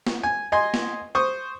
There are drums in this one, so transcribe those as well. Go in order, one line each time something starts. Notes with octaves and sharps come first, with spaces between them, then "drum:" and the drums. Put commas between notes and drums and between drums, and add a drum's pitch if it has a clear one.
drum: snare
G#5
D#5 G#5 C6
drum: snare
C5 C#6 D#6